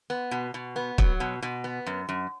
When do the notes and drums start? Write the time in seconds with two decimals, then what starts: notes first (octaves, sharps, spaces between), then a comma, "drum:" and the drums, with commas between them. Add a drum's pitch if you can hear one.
0.10 B3
0.31 B2
0.54 B2
0.76 B3
0.98 F#3, drum: kick
1.20 B2
1.42 B2
1.64 B3
1.86 F#2
2.09 F#2